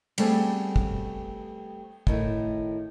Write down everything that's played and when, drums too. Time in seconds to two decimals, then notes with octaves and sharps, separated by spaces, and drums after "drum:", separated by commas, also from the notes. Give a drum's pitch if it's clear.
0.18 G3 A3 B3 C4 G#4, drum: cymbal
0.76 drum: kick
2.07 A2 D#3 A3, drum: kick